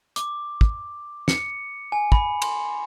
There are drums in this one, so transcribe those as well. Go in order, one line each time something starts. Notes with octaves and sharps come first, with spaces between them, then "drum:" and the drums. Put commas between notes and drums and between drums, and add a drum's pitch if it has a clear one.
D6, drum: hi-hat
drum: kick
C#7, drum: snare
G#5
B5, drum: kick
C6, drum: cymbal